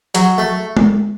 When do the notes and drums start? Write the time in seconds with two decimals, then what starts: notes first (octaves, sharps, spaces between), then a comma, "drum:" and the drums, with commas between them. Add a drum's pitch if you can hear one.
0.15 F#3, drum: hi-hat
0.38 A3
0.77 drum: tom G#3